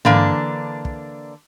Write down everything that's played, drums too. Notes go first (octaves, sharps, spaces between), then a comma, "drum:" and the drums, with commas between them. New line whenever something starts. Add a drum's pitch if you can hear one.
D3 E3 A#3 D4, drum: tom
drum: kick